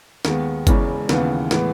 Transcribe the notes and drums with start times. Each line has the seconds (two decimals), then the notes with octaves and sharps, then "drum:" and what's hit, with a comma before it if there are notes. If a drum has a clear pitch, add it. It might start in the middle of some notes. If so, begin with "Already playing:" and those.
0.25 D#2 D#3 G#3 B3, drum: snare
0.67 E1 E2 C#3 G#3 C#4, drum: kick G1, hi-hat
1.09 D#2 C#3 E3 B3, drum: snare
1.51 A2 E3 G#3 B3, drum: snare